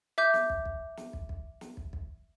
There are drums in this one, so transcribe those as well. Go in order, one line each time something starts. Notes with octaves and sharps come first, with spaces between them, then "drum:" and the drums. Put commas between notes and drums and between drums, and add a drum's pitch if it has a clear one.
E5 D6 G6
drum: snare
drum: kick
drum: kick
drum: snare
drum: kick
drum: kick
drum: snare
drum: kick
drum: kick